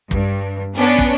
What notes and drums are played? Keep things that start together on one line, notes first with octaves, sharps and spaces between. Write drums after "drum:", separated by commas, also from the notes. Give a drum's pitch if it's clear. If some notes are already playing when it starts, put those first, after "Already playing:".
G2, drum: kick
B3 C#4 D4
drum: kick